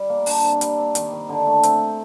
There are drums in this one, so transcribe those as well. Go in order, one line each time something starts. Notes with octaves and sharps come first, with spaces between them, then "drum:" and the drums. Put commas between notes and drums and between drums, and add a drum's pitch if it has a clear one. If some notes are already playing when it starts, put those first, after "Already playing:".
Already playing: G3
A#3
D4, drum: open hi-hat
C3
G3, drum: hi-hat
C4
D#3, drum: hi-hat
D#3
D3
A3
C4, drum: hi-hat